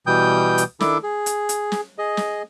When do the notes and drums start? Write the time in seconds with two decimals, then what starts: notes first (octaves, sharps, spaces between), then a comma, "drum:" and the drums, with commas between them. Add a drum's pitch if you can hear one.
0.07 B2 E3 G3 G5 D#6 G6
0.58 drum: hi-hat
0.80 D#3 D4 E4 A4 D6, drum: snare
1.03 G#4
1.26 drum: hi-hat
1.49 drum: hi-hat
1.72 drum: snare
1.98 G#4 D#5
2.17 drum: snare